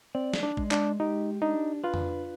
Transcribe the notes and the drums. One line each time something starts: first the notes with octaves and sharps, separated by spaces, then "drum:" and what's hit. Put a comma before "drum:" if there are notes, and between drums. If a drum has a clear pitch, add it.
C4 D5
drum: snare
D4
G#3, drum: kick A1
D4, drum: clap
D#4 G4
D4 D#4
F4 B4
drum: tom F2